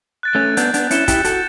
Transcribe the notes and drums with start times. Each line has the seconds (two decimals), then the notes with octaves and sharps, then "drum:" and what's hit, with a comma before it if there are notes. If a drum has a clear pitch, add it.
0.23 F#6 A6 D7
0.35 A3 C#4
0.57 B3 D4 G6, drum: hi-hat
0.74 B3 D4, drum: hi-hat
0.91 C#4 E4 C#7 E7 G7, drum: hi-hat
1.08 E4 G4, drum: kick, hi-hat
1.24 F#4 A4 A6, drum: hi-hat